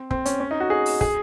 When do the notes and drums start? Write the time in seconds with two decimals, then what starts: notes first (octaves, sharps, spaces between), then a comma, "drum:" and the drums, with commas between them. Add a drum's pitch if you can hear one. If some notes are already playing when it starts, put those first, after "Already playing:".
Already playing: C4
0.11 C4, drum: kick
0.25 C#4, drum: hi-hat
0.40 C#4
0.51 D#4
0.60 F#4
0.70 G#4
0.86 drum: open hi-hat
1.01 G#4, drum: kick